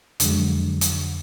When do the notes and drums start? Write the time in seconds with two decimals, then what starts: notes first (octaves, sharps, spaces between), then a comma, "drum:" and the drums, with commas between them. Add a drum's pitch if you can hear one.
0.20 F2 D3 F#3 G#3, drum: hi-hat
0.81 drum: hi-hat